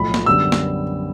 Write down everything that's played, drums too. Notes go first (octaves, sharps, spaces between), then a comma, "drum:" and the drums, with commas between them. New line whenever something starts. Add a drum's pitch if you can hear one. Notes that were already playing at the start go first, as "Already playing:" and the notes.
Already playing: B1 A2 F3 B5
drum: snare
F#2 D3 G3 B3 E6
drum: snare